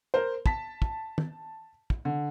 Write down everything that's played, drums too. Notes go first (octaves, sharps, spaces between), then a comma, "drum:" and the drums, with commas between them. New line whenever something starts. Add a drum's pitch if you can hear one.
A#4 C5
A5 B6, drum: kick
drum: kick
drum: tom
drum: kick
D3